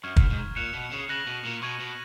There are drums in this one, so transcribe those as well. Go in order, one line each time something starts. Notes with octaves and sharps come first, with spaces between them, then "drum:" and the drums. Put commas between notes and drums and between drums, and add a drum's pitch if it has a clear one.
F#2 C#6 F6 G#6
F#2, drum: kick
G#2
A#2 F#6 C#7 F7
B2
C#3
C#3 F#6 A#6 C#7 F#7
B2
A#2
B2 C#6 G#6 D#7
B2